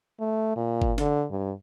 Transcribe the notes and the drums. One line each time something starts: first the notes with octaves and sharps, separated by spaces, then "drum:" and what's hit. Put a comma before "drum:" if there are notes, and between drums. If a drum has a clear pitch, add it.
A3
A#2
drum: kick G1
D3, drum: snare
G2